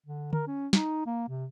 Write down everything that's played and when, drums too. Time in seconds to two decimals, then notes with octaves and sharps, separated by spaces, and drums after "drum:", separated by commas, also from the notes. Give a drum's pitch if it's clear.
0.06 D3
0.33 A#4, drum: tom D3
0.47 C#4
0.73 D#4, drum: snare
1.06 A#3
1.28 C3